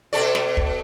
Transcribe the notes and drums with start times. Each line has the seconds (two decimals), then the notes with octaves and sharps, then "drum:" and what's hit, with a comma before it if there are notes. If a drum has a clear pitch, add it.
0.13 B2 A4 D5
0.35 drum: snare
0.57 drum: kick